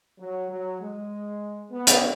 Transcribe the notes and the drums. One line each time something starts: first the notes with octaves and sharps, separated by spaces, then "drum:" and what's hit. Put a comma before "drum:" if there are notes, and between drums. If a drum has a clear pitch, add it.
F#3
F#3
G#3
B3
drum: hi-hat